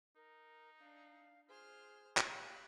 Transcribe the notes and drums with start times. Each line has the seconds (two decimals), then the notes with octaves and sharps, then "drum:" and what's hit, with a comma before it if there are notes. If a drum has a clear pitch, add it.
0.16 D#4 A#4
0.80 D4 F5
1.49 F4 G#4 C5 F6
2.17 drum: clap
2.28 G4 F5 B5 F#6